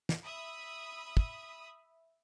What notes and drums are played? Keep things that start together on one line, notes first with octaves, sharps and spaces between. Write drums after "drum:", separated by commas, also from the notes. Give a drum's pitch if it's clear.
drum: snare
E5 B5 D#6
drum: kick